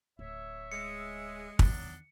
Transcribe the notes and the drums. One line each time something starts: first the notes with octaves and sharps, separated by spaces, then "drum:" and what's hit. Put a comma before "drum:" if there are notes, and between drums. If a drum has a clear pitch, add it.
D1 C#5 E5
G#3 C#7
E2 D#3 F#3 B3 D4, drum: kick